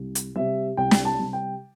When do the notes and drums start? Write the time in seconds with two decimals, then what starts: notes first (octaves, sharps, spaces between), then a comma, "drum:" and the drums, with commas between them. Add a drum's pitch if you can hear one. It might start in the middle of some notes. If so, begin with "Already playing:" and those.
Already playing: C2
0.15 drum: hi-hat
0.35 C3 G3 E5
0.77 C2 G5
0.91 drum: snare
1.05 A5
1.19 C3 G3
1.33 G5